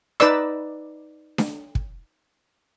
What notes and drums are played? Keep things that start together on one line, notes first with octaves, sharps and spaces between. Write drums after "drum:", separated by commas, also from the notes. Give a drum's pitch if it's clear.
D#4 B4 D5 E6, drum: rim click
drum: snare D4
drum: kick